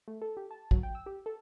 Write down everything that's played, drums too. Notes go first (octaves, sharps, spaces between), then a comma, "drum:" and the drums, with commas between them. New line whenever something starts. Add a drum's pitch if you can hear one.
A3
A4
G4
A5
F#3, drum: kick
G5
E6
G4
A4